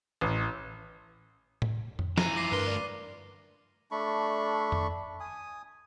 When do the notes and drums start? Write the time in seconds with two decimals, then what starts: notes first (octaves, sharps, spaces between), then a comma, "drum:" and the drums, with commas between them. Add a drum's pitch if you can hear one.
0.21 A1
1.62 drum: tom A2
1.99 drum: tom F2
2.18 E3 F4 A#5 D#7, drum: snare
2.36 D6 A#6 C7
2.52 D2 G2 A#4 B4 C6
2.67 D5
3.92 A3 D4 B5 C#6
4.72 drum: tom F2
5.20 G#5 D#6